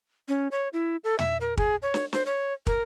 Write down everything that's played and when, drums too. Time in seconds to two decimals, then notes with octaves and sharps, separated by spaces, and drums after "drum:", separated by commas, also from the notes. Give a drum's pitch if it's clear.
0.28 C#4
0.51 C#5
0.73 E4
1.04 A4
1.19 E5, drum: tom
1.41 A#4
1.57 G#4, drum: kick
1.82 C#5
1.94 drum: snare
2.13 C5, drum: snare
2.26 C#5
2.67 A#4, drum: kick